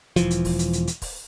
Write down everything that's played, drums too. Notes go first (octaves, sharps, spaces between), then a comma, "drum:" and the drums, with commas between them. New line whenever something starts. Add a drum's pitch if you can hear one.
E1 E3 F3, drum: hi-hat
drum: hi-hat
drum: kick, open hi-hat
drum: hi-hat
drum: hi-hat
drum: hi-hat
drum: kick, open hi-hat